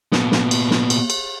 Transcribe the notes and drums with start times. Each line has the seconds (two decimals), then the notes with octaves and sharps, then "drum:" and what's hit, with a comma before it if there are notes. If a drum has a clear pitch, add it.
0.12 A#2 B3, drum: snare
0.32 drum: snare
0.51 drum: cymbal
0.71 drum: snare
0.90 drum: cymbal
1.10 drum: cymbal